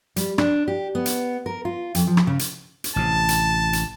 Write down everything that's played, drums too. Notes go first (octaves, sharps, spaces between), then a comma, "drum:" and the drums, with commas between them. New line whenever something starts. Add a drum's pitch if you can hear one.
G3, drum: hi-hat
D4, drum: rim click
G4
B3
drum: hi-hat
A#4
F4
F2, drum: hi-hat
F3
drum: rim click
C#3
drum: hi-hat
drum: hi-hat
A1 C3 A5
drum: hi-hat
drum: hi-hat